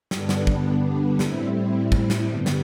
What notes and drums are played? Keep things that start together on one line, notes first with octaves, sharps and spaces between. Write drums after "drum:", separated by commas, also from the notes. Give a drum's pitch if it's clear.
G2 D3 G3 B3 D4, drum: snare
drum: snare
drum: kick
A2 G3 C4 E4, drum: snare
drum: kick
drum: snare
G2 D3 G3 B3
drum: snare